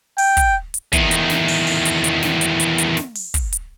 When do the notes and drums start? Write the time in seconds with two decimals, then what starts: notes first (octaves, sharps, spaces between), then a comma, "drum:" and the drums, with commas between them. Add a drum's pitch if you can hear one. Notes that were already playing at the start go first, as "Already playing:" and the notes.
0.18 G5, drum: open hi-hat
0.37 drum: kick, hi-hat
0.74 drum: hi-hat
0.93 E2 D#3, drum: kick, hi-hat
1.11 drum: hi-hat
1.30 drum: snare
1.48 drum: open hi-hat
1.67 drum: open hi-hat
1.85 drum: hi-hat
2.04 drum: hi-hat
2.22 drum: snare
2.41 drum: hi-hat
2.60 drum: hi-hat
2.78 drum: hi-hat
2.97 drum: snare
3.15 drum: open hi-hat
3.34 drum: kick, hi-hat
3.53 drum: hi-hat